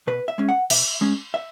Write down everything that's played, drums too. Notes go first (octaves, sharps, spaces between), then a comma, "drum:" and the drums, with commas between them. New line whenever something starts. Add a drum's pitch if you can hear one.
B2 B4
E5
G#3 C#4
F#5
B2 E5, drum: cymbal
G#3 C#4
E5